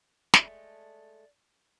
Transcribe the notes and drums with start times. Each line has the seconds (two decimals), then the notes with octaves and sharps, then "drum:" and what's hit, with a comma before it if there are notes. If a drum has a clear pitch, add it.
0.34 G#3 A3 D5, drum: snare